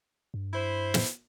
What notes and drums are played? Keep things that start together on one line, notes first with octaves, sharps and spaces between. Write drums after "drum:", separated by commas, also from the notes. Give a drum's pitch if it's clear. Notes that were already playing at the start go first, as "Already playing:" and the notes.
G2
E4 C5
drum: snare